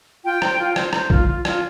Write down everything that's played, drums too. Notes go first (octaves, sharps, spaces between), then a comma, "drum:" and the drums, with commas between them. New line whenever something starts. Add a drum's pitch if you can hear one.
F4 G5
C5, drum: rim click
F4
C5, drum: rim click
C5, drum: rim click
F4, drum: kick
F4
F4, drum: rim click